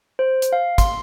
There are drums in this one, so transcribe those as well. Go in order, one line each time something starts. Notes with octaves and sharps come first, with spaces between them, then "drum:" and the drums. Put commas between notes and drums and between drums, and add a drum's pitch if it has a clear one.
C5
drum: hi-hat
F5
C6, drum: kick, hi-hat